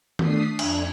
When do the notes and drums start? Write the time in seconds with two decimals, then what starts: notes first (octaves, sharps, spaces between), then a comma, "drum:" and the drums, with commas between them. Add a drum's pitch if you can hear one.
0.19 A3 D4 D#6 B6 C7, drum: tom D#3
0.59 F2 D4 G#6, drum: cymbal